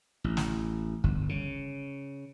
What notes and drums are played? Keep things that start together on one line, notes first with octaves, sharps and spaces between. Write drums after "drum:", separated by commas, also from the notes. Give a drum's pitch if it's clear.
A1
drum: snare
G1, drum: kick
C#3